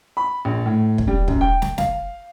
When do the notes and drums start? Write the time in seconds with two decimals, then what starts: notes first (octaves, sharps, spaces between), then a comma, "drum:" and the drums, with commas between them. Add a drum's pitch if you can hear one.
0.17 B5
0.45 A#1
0.66 A2
0.98 drum: kick
1.07 G3
1.28 F#2, drum: kick
1.41 G5
1.62 drum: snare
1.78 F5, drum: snare